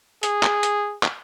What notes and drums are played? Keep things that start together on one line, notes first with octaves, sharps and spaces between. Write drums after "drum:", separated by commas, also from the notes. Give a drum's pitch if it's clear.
G#4, drum: hi-hat
drum: clap
drum: hi-hat
drum: clap